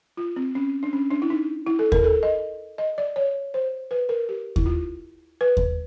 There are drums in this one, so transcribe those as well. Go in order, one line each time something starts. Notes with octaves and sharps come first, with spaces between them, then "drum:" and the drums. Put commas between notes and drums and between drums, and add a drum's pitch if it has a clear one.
F4
C4
C#4
D4
C#4
D4
E4
D#4
E4
A4
A#4, drum: kick D#2
A4
D#5
D#5
D5
C#5
C5
B4
A#4
G4
E4, drum: kick D#2
F4
B4
drum: kick D#2